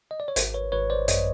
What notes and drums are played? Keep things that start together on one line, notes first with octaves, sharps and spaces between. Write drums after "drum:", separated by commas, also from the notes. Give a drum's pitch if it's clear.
D#5
D5
C#5
G#1 A#4 C5, drum: hi-hat
B4 C#5
G#1 B4 C#5
C5 D5
F#2 C#5 D#5, drum: hi-hat